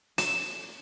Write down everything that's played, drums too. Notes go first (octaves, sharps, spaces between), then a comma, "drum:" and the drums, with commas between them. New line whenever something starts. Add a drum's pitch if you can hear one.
E7, drum: hi-hat